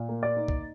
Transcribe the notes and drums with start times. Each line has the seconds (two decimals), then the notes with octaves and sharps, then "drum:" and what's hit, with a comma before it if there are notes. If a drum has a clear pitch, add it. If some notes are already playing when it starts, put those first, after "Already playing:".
Already playing: A#2
0.09 A#3
0.23 D5
0.37 D#4
0.48 drum: kick